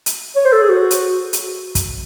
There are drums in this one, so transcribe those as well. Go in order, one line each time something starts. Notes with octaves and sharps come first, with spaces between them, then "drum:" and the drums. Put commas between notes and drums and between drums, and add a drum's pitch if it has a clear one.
drum: hi-hat
C#5
C5
A4
G#4
F#4
drum: hi-hat
drum: hi-hat
drum: kick, hi-hat